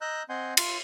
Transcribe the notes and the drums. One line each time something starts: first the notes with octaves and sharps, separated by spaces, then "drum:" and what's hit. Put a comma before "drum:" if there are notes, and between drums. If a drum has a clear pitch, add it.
D#5 A#5 E6 F#6 G6
C4 D#5 F#5 G#5 C6 G6
F4, drum: cymbal